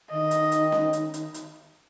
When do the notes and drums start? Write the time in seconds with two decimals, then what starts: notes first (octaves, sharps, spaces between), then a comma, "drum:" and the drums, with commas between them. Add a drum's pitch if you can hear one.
0.10 D#3 D#5
0.31 drum: hi-hat
0.52 drum: hi-hat
0.72 drum: snare C#4
0.93 drum: hi-hat
1.14 drum: hi-hat
1.34 drum: hi-hat